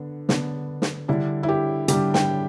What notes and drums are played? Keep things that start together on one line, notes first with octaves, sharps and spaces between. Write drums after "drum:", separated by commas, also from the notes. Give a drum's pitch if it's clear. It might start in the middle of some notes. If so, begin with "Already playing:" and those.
Already playing: D3 B3 D4
D3 B3 D4, drum: snare
drum: snare
D3 G3 D4 E4
E4
G4
D3 G3 D4 G4, drum: hi-hat
G5, drum: snare